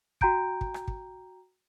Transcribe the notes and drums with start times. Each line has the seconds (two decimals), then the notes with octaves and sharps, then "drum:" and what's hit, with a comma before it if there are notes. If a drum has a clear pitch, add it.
0.21 F#4 G5 A#5 G6 D7, drum: kick
0.61 drum: kick
0.74 drum: rim click
0.88 drum: kick